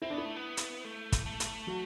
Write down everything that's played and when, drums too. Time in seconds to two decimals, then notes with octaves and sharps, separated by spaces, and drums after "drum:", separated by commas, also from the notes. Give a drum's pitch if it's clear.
0.02 C4 E4
0.10 D4
0.14 B3 E4
0.25 A3
0.36 B3
0.57 drum: hi-hat
0.85 A3
1.12 drum: kick, hi-hat
1.26 A3
1.40 drum: hi-hat
1.67 F#3 F#4